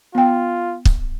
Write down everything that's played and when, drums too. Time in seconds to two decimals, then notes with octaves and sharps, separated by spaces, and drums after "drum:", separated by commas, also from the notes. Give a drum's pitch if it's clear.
0.15 B3 F4 G5
0.85 drum: kick